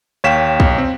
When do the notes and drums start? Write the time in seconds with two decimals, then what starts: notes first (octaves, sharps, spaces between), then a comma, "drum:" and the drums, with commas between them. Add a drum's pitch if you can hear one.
0.24 D#2 C#5 F5 G5 B6 E7
0.60 B1, drum: kick
0.78 C4